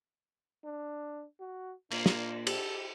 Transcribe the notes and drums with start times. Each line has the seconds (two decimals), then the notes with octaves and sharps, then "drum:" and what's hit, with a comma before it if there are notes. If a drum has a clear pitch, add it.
0.64 D4
1.40 F#4
1.91 A#2 A#3 D4, drum: cymbal
2.06 drum: snare
2.47 G4 A4, drum: cymbal